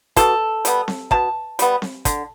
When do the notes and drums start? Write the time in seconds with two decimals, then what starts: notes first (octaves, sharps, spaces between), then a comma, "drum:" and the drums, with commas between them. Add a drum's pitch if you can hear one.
0.16 B2 A4, drum: kick, hi-hat
0.65 G3 B3, drum: hi-hat
0.88 drum: snare C4
1.11 B2 A5, drum: kick
1.59 G3 B3, drum: hi-hat
1.82 drum: snare C4
2.05 D3, drum: kick, hi-hat